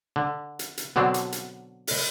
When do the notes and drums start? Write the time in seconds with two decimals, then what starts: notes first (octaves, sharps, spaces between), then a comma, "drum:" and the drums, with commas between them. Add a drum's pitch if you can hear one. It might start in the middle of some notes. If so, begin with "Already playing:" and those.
0.16 D3
0.59 drum: hi-hat
0.78 drum: hi-hat
0.96 B2 D3 F#3 C4 D4
1.14 drum: hi-hat
1.32 drum: hi-hat
1.87 drum: open hi-hat